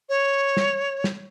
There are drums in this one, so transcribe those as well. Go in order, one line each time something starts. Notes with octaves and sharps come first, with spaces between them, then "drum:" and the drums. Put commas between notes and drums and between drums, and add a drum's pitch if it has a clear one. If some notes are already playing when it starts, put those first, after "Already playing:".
C#5
drum: snare
drum: snare